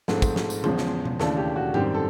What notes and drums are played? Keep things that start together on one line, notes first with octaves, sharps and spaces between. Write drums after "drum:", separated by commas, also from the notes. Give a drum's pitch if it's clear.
G#2 F3 A3 C4 A4, drum: snare
drum: kick, tambourine
drum: snare
drum: tambourine
E2 C#3 F3 G#3, drum: tom C#3
drum: snare
drum: tom B2
D#2 C#3 E3 A3 D4 A4, drum: snare
G4
F#4
F#2 D#3 G3 C4 G4, drum: tom G#2
A4